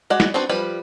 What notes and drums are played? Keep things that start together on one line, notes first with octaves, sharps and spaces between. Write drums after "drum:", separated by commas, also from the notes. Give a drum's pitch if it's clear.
G#3 F#4 D5 F#5
drum: snare
C4 D4 F#4 B4
F3 G3 B4 B5